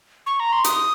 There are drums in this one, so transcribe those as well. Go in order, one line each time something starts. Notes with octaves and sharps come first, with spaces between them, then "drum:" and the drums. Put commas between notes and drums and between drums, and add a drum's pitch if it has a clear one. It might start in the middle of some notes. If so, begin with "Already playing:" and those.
C#6
A#5
C6
D#6, drum: hi-hat